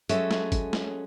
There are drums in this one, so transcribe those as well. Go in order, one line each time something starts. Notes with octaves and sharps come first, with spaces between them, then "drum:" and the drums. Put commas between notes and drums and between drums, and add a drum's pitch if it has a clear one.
F#3 G#3 C#4 A4 E5, drum: hi-hat
drum: snare
drum: kick G1, hi-hat
drum: snare